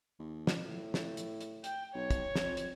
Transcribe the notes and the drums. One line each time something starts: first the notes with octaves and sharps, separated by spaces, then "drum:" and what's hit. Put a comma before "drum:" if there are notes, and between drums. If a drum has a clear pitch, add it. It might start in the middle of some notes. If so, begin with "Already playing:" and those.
D#2
drum: snare
A2
drum: snare
drum: hi-hat
drum: hi-hat
G5, drum: hi-hat
B1 C#5
drum: kick, hi-hat
F2, drum: snare
drum: hi-hat